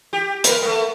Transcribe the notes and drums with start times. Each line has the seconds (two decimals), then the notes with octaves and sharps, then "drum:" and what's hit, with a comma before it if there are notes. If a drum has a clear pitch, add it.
0.13 G4
0.44 A#4 B4, drum: hi-hat
0.62 A3 B3